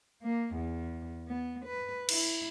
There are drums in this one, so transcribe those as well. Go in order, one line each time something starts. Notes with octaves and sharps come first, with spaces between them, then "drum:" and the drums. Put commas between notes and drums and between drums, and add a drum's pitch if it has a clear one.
A#3
E2
B3
B4
E4, drum: cymbal